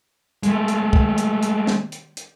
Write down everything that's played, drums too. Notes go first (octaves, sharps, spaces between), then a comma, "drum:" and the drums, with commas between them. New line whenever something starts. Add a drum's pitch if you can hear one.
G#3 A3, drum: hi-hat
drum: hi-hat
drum: kick
drum: hi-hat
drum: hi-hat
drum: snare
drum: hi-hat
drum: hi-hat